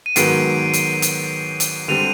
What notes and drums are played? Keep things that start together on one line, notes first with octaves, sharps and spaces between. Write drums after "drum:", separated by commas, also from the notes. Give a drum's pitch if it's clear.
D#7
G#2 D#3 F#3 B3 C7 D7, drum: hi-hat
drum: hi-hat
drum: hi-hat
drum: hi-hat
D3 G3 C4 D#7 F7